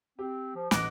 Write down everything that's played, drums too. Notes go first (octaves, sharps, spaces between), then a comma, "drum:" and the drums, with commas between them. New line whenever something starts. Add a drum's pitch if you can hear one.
C4 G4
F3
A1 D#5 F#5 D6 F#6 A#6, drum: snare